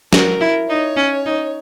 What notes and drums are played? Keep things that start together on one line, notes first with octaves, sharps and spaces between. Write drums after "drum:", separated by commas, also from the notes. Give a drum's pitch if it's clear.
F#4 A#4, drum: snare
E4
D#4 C#5
C#4
D#4